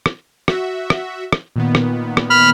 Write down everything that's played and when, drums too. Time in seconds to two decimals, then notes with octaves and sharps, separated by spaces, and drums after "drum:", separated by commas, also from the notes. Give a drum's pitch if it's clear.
0.06 drum: rim click
0.48 F#4 E5, drum: rim click
0.90 drum: rim click
1.33 drum: rim click
1.56 A#2 D#3 B3
1.75 drum: rim click
2.17 drum: rim click
2.30 B5 F6